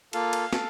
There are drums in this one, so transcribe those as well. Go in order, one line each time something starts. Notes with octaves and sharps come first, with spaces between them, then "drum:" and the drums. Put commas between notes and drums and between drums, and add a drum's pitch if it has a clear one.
A#3 F4 A4 F5, drum: cymbal
drum: cymbal
A4, drum: snare